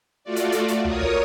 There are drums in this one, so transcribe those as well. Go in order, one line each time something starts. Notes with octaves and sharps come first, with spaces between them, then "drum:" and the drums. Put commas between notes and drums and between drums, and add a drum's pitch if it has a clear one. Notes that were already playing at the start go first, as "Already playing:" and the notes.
A3 F4 F#4 D5
drum: hi-hat
drum: hi-hat
drum: hi-hat
A#4 C#5 D#6, drum: tom
drum: tom